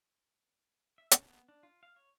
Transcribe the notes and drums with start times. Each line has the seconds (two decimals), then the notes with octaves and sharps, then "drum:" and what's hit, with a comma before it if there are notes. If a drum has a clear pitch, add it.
0.98 E5
1.11 C#4, drum: hi-hat
1.25 B3
1.49 D4
1.63 F4
1.83 F5
1.96 C#5